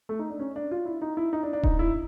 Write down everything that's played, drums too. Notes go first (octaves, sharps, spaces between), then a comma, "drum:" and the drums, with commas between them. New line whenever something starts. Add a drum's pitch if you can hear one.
A3
D#4
D4
C#4
D4
F4
E4
D#4
E4
D#4
D4
D4
D#4, drum: kick D#1
E4